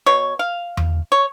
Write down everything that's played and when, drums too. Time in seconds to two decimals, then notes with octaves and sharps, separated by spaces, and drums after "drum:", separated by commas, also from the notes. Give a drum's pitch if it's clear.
0.06 B2 C#5
0.39 F5
0.77 drum: tom E2
1.12 C#5